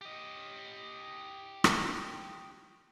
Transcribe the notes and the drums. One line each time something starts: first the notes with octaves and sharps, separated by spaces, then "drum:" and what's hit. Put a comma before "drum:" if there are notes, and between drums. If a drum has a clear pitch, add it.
G4 D#5
drum: rim click